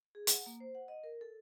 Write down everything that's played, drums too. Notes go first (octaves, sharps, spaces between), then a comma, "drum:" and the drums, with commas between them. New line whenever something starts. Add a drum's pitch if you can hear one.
G#4
F#5, drum: hi-hat
A#3
C5
F#5
D#5
A#4
A4